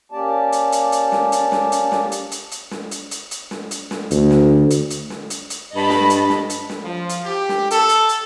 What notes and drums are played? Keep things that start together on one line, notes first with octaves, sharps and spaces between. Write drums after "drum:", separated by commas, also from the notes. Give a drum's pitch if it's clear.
A#3 C#4 G4 D5 A5
drum: hi-hat
drum: hi-hat
drum: hi-hat
drum: snare
drum: hi-hat
drum: snare
drum: hi-hat
drum: snare
drum: hi-hat
drum: hi-hat
drum: hi-hat
drum: snare
drum: hi-hat
drum: hi-hat
drum: hi-hat
drum: snare
drum: hi-hat
drum: snare
D2, drum: hi-hat
drum: snare
drum: hi-hat
drum: hi-hat
drum: snare
drum: hi-hat
drum: hi-hat
G2 D#5 A5 B5
drum: snare
drum: hi-hat
drum: snare
drum: hi-hat
drum: snare
F3
drum: hi-hat
G4
drum: snare
A4, drum: hi-hat
drum: hi-hat
drum: hi-hat